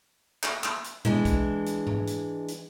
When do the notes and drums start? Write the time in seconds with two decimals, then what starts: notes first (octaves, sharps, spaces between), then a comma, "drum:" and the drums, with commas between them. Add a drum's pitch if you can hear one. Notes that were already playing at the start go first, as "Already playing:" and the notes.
0.43 drum: clap
0.64 drum: clap
0.84 drum: hi-hat
1.05 E3 G#3 D4, drum: tom A2
1.25 drum: kick, hi-hat
1.66 drum: hi-hat
1.87 drum: tom G#2
2.07 drum: hi-hat
2.48 drum: hi-hat